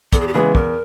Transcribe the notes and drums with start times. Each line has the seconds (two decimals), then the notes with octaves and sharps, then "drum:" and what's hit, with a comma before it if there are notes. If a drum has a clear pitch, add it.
0.13 E2 A4, drum: kick, hi-hat
0.21 G#4
0.27 G4
0.34 C#3 E3 G#3 B3 G#4
0.55 E2 A#4, drum: kick